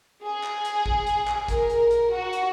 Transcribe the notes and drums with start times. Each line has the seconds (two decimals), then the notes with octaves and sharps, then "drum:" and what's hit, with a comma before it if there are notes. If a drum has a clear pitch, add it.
0.23 G#4
0.44 drum: clap
0.65 drum: hi-hat
0.86 drum: kick A1
1.07 drum: hi-hat
1.28 drum: clap
1.48 A#4, drum: kick A1, hi-hat
1.70 drum: hi-hat
1.91 drum: hi-hat
2.11 F#4
2.33 drum: hi-hat